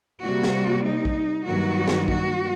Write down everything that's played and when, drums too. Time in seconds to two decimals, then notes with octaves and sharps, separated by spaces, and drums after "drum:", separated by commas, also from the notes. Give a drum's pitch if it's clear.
0.23 C3 G3 A#3 F#4
0.43 drum: snare
0.85 D#4
1.05 drum: kick A#1
1.46 G2 D#3 F#3 A#3 F#4
1.88 drum: snare
2.08 F#4, drum: kick A#1